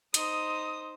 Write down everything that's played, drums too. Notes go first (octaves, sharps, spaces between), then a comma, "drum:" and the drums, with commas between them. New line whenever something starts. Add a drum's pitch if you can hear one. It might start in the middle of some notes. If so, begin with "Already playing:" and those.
D#4 C5 D#6, drum: hi-hat